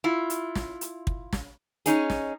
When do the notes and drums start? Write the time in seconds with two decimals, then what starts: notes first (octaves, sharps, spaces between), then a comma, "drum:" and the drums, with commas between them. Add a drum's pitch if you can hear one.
0.04 E4 F4
0.30 drum: hi-hat
0.55 drum: snare
0.81 drum: hi-hat
1.07 drum: kick
1.33 drum: snare
1.86 C#4 D#4 G#4, drum: hi-hat
2.10 drum: snare